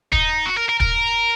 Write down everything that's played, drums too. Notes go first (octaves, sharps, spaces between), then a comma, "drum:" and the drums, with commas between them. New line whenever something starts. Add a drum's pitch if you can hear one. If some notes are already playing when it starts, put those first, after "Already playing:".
D#4, drum: kick
F#4
A#4
A#4
A#4, drum: kick